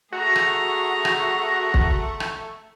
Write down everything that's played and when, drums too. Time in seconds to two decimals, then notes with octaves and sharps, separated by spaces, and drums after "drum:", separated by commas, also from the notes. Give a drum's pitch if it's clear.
0.12 A3 F#4 G#4 A#5
0.36 drum: rim click
1.05 drum: rim click
1.74 drum: kick
2.20 drum: rim click